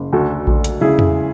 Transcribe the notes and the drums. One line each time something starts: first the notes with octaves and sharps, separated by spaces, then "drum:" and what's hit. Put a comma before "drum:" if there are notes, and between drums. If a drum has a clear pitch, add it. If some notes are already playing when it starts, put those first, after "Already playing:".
Already playing: F#1
D2 F#4 A4
D2, drum: kick A#1
drum: hi-hat
C#3 E4 G#4
drum: tom